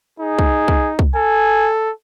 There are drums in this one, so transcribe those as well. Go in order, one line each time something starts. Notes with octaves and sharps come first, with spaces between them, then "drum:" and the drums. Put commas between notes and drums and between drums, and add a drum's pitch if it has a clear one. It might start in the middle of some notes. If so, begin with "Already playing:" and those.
D#4 G#4
drum: kick
drum: kick
drum: kick
A4 G#5